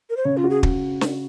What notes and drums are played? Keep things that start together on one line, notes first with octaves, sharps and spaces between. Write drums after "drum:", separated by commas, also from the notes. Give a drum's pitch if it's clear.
A#4
C5
C#3 C#5
F4
F#4
G#4
drum: kick
drum: snare